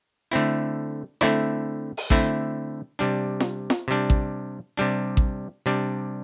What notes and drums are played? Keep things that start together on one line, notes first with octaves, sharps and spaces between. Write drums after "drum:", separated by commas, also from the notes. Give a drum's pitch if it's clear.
D3 A3 C4 E4, drum: hi-hat
D3 A3 C4 E4, drum: rim click
drum: open hi-hat
D3 A3 C4 E4, drum: kick A1
C3 G3 D4, drum: hi-hat
drum: snare F4
drum: snare F4
C3 G3 D4
drum: kick A1
C3 G3 D4
drum: kick A1
C3 G3 D4